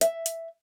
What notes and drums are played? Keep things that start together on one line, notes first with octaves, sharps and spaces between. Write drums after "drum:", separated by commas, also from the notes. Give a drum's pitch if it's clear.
E5, drum: hi-hat
drum: hi-hat